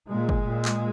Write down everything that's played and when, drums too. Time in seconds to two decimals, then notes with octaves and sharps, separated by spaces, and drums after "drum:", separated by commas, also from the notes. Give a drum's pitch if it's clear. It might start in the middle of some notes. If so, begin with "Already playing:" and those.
0.10 A#2 G#3
0.29 drum: kick G1
0.47 A#2
0.65 drum: clap